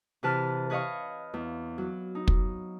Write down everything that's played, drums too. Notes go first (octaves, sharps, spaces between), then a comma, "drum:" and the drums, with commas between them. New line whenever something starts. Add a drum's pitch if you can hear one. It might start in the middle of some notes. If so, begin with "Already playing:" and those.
C3 E3 B4 A5 F6
B4 C#5 D#5 F5 C#6
E2
F#3
D#4
drum: kick